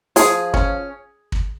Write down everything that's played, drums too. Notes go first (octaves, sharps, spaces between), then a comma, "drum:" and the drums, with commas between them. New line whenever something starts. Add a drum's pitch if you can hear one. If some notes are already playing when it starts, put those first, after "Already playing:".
F3 G#4, drum: hi-hat
C#4, drum: kick
drum: kick